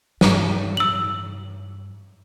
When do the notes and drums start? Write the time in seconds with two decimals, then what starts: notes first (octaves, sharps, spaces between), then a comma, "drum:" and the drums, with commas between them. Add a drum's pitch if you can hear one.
0.21 G2, drum: snare
0.77 E6 F#7